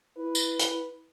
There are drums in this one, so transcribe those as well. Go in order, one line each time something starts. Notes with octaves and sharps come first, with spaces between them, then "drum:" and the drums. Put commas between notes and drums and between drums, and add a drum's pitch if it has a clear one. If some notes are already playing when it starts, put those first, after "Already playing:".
E4 B4
drum: tambourine
drum: hi-hat